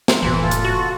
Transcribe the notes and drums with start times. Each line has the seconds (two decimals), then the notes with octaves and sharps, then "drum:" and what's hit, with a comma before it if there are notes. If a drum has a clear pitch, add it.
0.08 C6, drum: snare
0.22 F1 A2 E3
0.41 F4 A4
0.51 drum: hi-hat
0.65 F#4